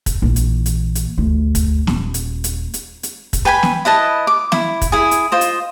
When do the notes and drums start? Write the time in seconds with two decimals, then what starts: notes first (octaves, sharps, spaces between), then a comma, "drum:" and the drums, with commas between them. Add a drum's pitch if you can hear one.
0.06 drum: kick, hi-hat
0.22 A#1 E3
0.36 drum: hi-hat
0.66 drum: hi-hat
0.95 drum: hi-hat
1.18 G1 D2
1.55 drum: kick, hi-hat
1.87 D#1, drum: snare
2.14 drum: hi-hat
2.44 drum: hi-hat
2.74 drum: hi-hat
3.03 drum: hi-hat
3.33 drum: kick, hi-hat
3.45 B4 G5 G#5 B5
3.63 drum: snare
3.85 E4 B4 D#5 A5
4.27 D6
4.52 E4, drum: snare
4.82 drum: kick, hi-hat
4.92 E4 G#4
5.11 drum: hi-hat
5.32 F4 C5 D#5
5.41 drum: hi-hat